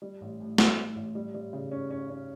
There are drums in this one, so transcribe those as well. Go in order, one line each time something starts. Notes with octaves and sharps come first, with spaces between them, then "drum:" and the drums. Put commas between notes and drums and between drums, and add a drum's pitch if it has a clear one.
G3
A1
A2
A1, drum: snare
A2
A1
G3
G3
C#3
C#4
C#4
C#4